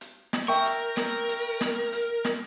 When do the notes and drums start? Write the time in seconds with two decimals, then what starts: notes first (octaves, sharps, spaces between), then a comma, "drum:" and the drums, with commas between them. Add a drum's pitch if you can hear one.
0.01 drum: hi-hat
0.33 drum: snare
0.48 A#4 E5 G5 C#6
0.65 drum: hi-hat
0.97 A#4, drum: snare
1.29 drum: hi-hat
1.61 drum: snare
1.93 drum: hi-hat
2.24 drum: snare